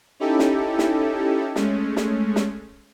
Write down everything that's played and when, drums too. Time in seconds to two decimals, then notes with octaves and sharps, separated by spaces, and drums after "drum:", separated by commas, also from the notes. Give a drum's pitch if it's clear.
0.20 C#4 D#4 E4 G4 A4
0.39 drum: snare
0.79 drum: snare
1.56 G#3 A3 C#4, drum: snare
1.97 drum: snare
2.36 drum: snare